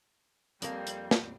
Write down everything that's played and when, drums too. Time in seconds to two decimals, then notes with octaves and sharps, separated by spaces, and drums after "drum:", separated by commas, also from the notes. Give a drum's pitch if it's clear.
0.62 F2 G3 A#3 C4, drum: hi-hat
0.87 drum: hi-hat
1.11 drum: snare